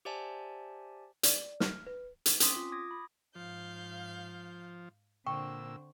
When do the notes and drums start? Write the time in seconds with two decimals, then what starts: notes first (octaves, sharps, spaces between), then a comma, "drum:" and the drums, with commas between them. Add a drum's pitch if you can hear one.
0.05 G4 C5 D5 E5 G#5 A5
1.23 D5, drum: hi-hat
1.60 F6, drum: snare
1.87 B4
2.26 drum: hi-hat
2.40 C4 C#4 C6 D6 D#6 B6, drum: hi-hat
2.56 F4
2.72 D6 D#6 G#6 A#6
2.91 B5
3.35 G#2 F3 F5 G6
5.26 A#2 D3 C4 G5 C#6 E6